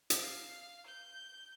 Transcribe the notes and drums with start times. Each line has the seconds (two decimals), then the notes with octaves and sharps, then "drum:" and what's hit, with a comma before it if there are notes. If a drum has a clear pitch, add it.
0.10 drum: hi-hat
0.21 F5
0.86 G6